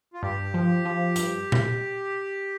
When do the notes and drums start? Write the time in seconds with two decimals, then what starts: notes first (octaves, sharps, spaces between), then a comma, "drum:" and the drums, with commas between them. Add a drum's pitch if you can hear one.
0.13 F4
0.22 G2 G4
0.54 F3
0.85 F3
1.16 G2, drum: hi-hat
1.52 drum: tom A#2